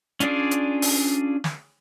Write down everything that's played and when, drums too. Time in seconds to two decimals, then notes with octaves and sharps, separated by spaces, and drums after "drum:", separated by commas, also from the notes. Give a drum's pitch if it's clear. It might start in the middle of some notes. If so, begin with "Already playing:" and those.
0.20 C#4 D4 F4 G#4 D5, drum: hi-hat
0.51 drum: hi-hat
0.82 drum: open hi-hat
1.44 drum: snare